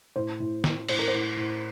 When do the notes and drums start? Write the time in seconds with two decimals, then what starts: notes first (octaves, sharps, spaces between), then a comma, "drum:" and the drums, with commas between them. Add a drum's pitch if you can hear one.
0.16 A2 C5
0.40 A2
0.64 A2, drum: snare
0.88 A2 C5, drum: cymbal
0.99 A#4
1.08 C5
1.13 A2
1.37 A2